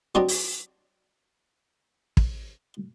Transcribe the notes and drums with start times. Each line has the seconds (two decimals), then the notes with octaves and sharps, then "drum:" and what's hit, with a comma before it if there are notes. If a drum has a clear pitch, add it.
0.15 F#3 C4 D4 G4 D5 D#5
0.28 drum: open hi-hat
2.17 drum: kick